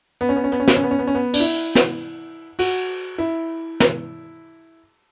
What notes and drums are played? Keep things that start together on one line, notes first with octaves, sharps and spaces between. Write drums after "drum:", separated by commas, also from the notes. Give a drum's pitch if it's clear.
B3
C#4
B3
C#4
B3, drum: hi-hat
C#4
B3, drum: snare
C#4
B3
C#4
B3
C#4
B3
D4, drum: cymbal
E4
drum: snare
F#4, drum: cymbal
E4
drum: snare